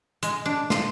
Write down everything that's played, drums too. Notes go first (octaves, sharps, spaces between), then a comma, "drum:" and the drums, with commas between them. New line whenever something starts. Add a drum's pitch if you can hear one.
G#3, drum: hi-hat
D4
F4, drum: snare